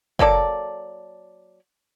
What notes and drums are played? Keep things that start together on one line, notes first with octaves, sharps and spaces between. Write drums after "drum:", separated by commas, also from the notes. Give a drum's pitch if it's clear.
F#3 A#3 A4 D5, drum: kick